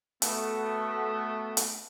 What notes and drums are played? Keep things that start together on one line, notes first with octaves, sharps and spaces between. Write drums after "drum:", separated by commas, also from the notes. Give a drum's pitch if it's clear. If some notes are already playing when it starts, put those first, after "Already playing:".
A3 B3 F#4, drum: hi-hat
drum: hi-hat